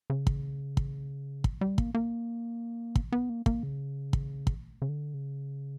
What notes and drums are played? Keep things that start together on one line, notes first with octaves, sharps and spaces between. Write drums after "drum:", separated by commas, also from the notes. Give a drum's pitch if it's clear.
C#3
drum: kick
drum: kick
drum: kick
G3
A#3, drum: kick
A#3
drum: kick
B3
A#3
A#3, drum: kick
C#3
drum: kick
drum: kick
C#3
D3
C#3